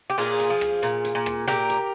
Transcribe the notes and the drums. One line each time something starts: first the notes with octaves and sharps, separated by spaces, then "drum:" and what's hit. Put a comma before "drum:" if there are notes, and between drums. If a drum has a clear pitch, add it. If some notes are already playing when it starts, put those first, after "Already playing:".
G4
A#2 F4 G#4, drum: open hi-hat
drum: hi-hat
F3
drum: rim click
A#2, drum: hi-hat
drum: hi-hat
A#2
drum: rim click
A#2 G4 A#4, drum: hi-hat
drum: hi-hat